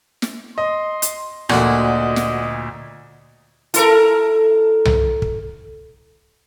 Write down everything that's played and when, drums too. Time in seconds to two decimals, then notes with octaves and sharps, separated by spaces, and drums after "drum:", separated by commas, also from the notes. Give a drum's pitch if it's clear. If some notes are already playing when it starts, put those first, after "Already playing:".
0.22 drum: snare
0.58 D#5 C6
1.02 drum: hi-hat
1.49 D2 A#2 D3 F#4 D#5, drum: rim click
2.16 drum: snare
3.74 E4 A4 A#4, drum: hi-hat
4.85 drum: tom C2
5.22 drum: kick